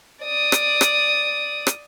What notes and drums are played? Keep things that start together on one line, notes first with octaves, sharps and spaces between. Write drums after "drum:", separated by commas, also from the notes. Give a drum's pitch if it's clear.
D5 D#6
drum: rim click
drum: rim click
drum: rim click